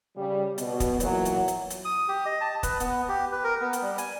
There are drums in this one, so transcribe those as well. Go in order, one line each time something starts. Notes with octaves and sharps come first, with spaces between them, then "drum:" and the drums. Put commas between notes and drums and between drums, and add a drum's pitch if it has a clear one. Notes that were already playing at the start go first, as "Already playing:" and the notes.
C#3 G3
B2, drum: hi-hat
drum: kick, hi-hat
A#2 E3 F#3, drum: hi-hat
drum: hi-hat
drum: hi-hat
drum: hi-hat
D#6
G4
D#5
A5
B4, drum: kick, hi-hat
B3, drum: hi-hat
G4
B4
A#4
B3
drum: hi-hat
G3
G#5, drum: hi-hat